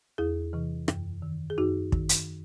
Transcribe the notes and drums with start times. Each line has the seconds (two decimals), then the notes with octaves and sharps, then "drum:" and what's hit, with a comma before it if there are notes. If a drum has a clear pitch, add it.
0.18 E2 E4 G#4
0.53 C3 E3
0.88 F#2, drum: rim click
1.22 D#3
1.50 G#4
1.58 F#2 D#4 F#4
1.92 D#3, drum: kick
2.09 drum: hi-hat